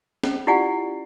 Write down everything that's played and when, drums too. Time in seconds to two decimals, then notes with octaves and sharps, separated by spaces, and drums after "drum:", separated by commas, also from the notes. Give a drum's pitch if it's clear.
0.24 C#4, drum: snare
0.47 E4 F4 G4 D5 F#5 G#5